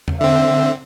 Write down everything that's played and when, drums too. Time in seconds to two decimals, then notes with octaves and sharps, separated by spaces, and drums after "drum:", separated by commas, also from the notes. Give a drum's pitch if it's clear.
0.08 drum: tom E2
0.20 D3 C4 E5